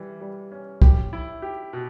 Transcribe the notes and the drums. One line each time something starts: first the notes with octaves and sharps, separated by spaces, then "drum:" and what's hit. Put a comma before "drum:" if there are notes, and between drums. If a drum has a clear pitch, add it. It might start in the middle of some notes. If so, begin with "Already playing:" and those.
Already playing: E3 G3
G3
C#4
G4, drum: kick
E4
G4
B2